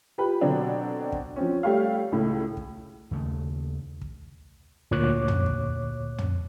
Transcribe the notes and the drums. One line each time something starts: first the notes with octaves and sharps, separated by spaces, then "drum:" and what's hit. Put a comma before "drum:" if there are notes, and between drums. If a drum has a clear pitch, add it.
F4 G4 B4 B5
B2 D3 F#3 C4 D4
drum: kick
F3 C4 C#4
G3 A3 G4 C#5 F5
C#2 A2 A3
drum: kick
D#2 C#3 A3
drum: kick
D2 A#2 C#5 D6 F#6
drum: tom
drum: kick
drum: tom